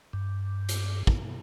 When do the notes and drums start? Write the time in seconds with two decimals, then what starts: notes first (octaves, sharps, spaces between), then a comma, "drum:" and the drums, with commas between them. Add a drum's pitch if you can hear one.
0.13 G2
0.69 drum: hi-hat
1.07 drum: kick